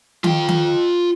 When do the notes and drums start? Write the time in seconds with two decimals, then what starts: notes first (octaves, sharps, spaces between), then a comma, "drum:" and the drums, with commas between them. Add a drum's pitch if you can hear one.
0.24 F4 G5, drum: tom D#3
0.49 drum: tom D#3